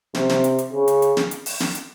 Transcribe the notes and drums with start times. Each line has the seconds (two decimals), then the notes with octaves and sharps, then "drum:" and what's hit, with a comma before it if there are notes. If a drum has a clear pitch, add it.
0.15 C3, drum: snare
0.29 drum: snare
0.44 drum: hi-hat
0.59 drum: hi-hat
0.72 C#3
0.88 drum: hi-hat
1.02 drum: hi-hat
1.17 drum: snare
1.31 drum: hi-hat
1.46 drum: open hi-hat
1.60 drum: snare
1.75 drum: hi-hat